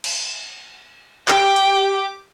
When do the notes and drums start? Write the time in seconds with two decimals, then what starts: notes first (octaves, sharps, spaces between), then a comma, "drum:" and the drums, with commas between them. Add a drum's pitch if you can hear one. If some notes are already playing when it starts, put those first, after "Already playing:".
0.04 drum: cymbal
1.28 G4 G5 D6, drum: clap
1.56 drum: hi-hat